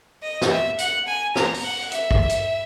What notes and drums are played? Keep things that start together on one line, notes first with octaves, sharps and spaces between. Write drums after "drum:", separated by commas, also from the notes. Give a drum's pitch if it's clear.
D#5
drum: snare
E5
F#5, drum: hi-hat
G#5
A#5, drum: snare
drum: open hi-hat
F#5
E5, drum: hi-hat
drum: kick
drum: hi-hat